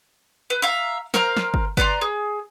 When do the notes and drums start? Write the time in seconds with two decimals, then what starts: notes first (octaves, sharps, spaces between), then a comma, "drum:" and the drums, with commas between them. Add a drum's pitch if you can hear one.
0.50 B4
0.62 E5 F5 A#5
1.14 A#4 C5 F5 A#5, drum: snare
1.37 drum: snare
1.54 drum: kick G1
1.77 B4 D5 A#5 C6, drum: kick G1
2.01 G#4